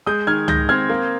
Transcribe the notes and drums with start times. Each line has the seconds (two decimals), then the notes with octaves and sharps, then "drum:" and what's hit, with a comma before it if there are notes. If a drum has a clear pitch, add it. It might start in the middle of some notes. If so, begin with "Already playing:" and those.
0.06 G#3 D#6 G6
0.27 D#3 F6 G#6
0.48 G#3 G6 A#6, drum: tom C#2
0.69 C4 F6 G#6
0.89 A#3